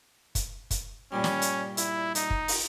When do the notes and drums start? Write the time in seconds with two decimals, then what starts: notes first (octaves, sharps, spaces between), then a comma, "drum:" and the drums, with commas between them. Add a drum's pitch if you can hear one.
0.35 drum: kick, hi-hat
0.71 drum: kick, hi-hat
1.12 G2 A#2 G3 C#4
1.24 drum: snare
1.42 drum: hi-hat
1.77 E4, drum: hi-hat
2.15 D#4, drum: hi-hat
2.30 drum: kick
2.48 drum: open hi-hat